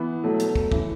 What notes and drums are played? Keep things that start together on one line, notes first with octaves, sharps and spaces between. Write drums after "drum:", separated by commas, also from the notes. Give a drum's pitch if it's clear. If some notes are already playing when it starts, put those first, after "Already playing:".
Already playing: E3 B3
B2 F#3 A3
drum: hi-hat
drum: kick
C#3 E3, drum: kick